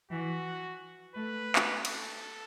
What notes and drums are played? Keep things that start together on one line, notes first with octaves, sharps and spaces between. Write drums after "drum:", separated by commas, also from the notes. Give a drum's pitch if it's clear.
E3 F#4
A3 B4
drum: clap
A4, drum: cymbal